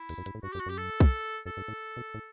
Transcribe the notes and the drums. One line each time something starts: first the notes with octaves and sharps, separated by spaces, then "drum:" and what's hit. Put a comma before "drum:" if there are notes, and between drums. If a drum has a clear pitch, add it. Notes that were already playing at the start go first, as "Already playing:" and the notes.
Already playing: E4
E2, drum: open hi-hat
F#2
G2, drum: hi-hat
A2
G2 F#4
F#2 G4
F#4
F#2 G4
A4
drum: kick
F#2 A4
G2
A2
B2
A2